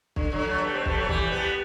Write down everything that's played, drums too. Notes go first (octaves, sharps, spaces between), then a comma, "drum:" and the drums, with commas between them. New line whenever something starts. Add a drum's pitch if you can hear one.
D3, drum: kick
D3 F#3
F#3 A3
G3 B3
A3 C4
G3 B3, drum: kick
F#3 A3
E3 G3, drum: kick
G3 B3